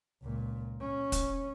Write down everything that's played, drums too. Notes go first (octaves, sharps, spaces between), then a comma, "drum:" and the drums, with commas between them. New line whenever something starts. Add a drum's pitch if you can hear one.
C#2 A#2
C#4
drum: kick, hi-hat